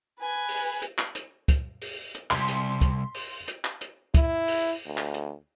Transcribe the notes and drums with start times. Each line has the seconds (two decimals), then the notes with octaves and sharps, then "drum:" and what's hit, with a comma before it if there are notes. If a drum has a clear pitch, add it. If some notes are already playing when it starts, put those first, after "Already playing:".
0.21 B4 G#5
0.49 drum: open hi-hat
0.82 drum: hi-hat
0.98 drum: clap
1.15 drum: hi-hat
1.48 drum: kick, hi-hat
1.82 drum: open hi-hat
2.15 drum: hi-hat
2.31 C2 C6 B6, drum: clap
2.48 drum: hi-hat
2.81 drum: kick, hi-hat
3.15 drum: open hi-hat
3.48 drum: hi-hat
3.65 drum: clap
3.81 drum: hi-hat
4.14 E4, drum: kick, hi-hat
4.48 drum: open hi-hat
4.86 D2
4.98 drum: clap
5.14 drum: hi-hat